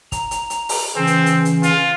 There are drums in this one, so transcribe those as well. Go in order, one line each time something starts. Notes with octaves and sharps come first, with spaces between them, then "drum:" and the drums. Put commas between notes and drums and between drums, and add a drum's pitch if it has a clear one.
A#5, drum: kick, hi-hat
drum: hi-hat
drum: hi-hat
drum: open hi-hat
C#3 E3 C4 C#4
drum: hi-hat
drum: hi-hat
drum: hi-hat
F4, drum: hi-hat